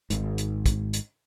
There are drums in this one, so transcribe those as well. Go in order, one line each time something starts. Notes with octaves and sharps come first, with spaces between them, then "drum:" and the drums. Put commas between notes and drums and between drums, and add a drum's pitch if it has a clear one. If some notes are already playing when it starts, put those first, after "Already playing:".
G#1 G#2, drum: hi-hat
drum: hi-hat
drum: kick, hi-hat
drum: hi-hat